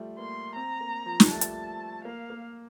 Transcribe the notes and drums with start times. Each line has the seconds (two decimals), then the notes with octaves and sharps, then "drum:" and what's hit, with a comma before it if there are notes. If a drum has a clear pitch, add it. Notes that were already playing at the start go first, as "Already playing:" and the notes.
Already playing: F3 G3 A3
0.18 A#3 C6
0.55 C4 A#5
0.81 A#3
1.06 F3
1.20 G3, drum: snare
1.30 A3 A5
1.41 drum: hi-hat
2.05 A#3 F5
2.30 A#3